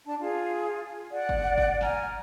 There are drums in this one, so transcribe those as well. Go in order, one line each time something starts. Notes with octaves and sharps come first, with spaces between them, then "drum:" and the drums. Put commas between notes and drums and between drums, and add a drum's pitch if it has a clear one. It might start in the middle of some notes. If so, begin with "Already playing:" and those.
D4 A5
F4 G#4
D5 F#5
drum: kick G1
drum: kick G1
G#5 A#5 F6, drum: snare